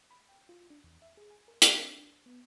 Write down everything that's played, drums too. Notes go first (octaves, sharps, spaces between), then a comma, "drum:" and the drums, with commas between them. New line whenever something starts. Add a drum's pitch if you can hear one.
B5
G5
F4
D4
E2
E5
G#4
G#5
A#4
A#6, drum: hi-hat
D4
B3